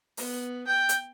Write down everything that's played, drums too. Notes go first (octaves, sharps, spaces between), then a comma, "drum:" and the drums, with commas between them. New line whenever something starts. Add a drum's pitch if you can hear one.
B3, drum: open hi-hat
G5 G6
drum: hi-hat